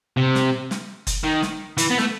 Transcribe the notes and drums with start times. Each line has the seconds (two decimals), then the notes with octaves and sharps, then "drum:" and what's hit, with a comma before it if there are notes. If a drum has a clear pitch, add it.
0.17 C3
0.35 drum: snare
0.71 drum: snare
1.07 drum: kick F#1, hi-hat
1.24 D#3
1.42 drum: snare
1.78 E3, drum: hi-hat
1.91 B3
1.98 A3, drum: snare